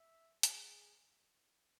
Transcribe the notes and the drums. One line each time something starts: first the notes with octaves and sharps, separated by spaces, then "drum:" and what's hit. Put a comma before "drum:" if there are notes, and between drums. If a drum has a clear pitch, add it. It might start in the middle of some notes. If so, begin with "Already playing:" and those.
Already playing: E5
G#4, drum: hi-hat